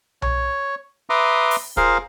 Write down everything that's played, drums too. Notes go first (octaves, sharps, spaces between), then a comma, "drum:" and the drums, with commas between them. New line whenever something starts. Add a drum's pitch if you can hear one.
C#5, drum: tom B1
B4 E5 A#5 C6 D6 D#6
drum: open hi-hat
F4 G#4 A#4 C5 F5, drum: kick